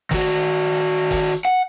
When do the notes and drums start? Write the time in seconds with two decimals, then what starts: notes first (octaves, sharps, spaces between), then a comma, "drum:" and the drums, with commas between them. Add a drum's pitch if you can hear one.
0.11 D#3 F#4, drum: kick, open hi-hat
0.43 drum: hi-hat
0.77 drum: hi-hat
1.11 drum: kick, open hi-hat
1.45 F#5, drum: hi-hat